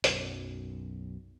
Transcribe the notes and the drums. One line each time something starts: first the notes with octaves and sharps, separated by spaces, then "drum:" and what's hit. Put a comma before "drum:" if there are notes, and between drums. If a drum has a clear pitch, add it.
B1 F#2, drum: hi-hat